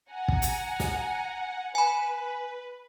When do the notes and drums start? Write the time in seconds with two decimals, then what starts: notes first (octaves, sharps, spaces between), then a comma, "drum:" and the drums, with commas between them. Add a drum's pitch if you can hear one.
0.11 F#5 G#5 A#5
0.28 drum: kick
0.42 drum: hi-hat
0.80 drum: snare
1.75 B4 G#5 B5